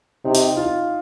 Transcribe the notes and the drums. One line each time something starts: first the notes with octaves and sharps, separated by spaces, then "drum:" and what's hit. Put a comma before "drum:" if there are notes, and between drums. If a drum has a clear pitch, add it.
C3 D#4
drum: hi-hat
F4